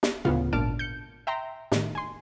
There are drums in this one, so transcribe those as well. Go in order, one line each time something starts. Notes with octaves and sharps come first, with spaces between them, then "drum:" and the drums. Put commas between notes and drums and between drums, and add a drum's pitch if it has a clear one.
drum: snare
D2 C#3 B3 F4 F5, drum: tom A2
G#1 A#2 D4 A5 F6 D7
G6 C#7
E5 G5 A#5 C6
A2 D#3, drum: snare
G#5 C6